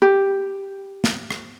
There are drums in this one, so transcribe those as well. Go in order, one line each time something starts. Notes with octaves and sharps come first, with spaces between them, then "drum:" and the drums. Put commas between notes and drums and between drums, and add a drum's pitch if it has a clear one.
G4
drum: snare
drum: rim click